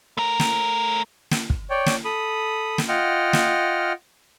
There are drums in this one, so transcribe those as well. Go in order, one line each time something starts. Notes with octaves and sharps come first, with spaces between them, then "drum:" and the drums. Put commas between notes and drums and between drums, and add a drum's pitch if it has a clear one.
A3 A#4
drum: snare
drum: snare
drum: kick
C#5 D5 G5
drum: snare
A4 B5 D#6
drum: snare
F4 D#5 F#5 G5 F6
drum: snare